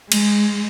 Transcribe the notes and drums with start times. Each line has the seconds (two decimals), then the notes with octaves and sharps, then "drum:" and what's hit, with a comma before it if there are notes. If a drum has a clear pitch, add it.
0.12 G#3, drum: cymbal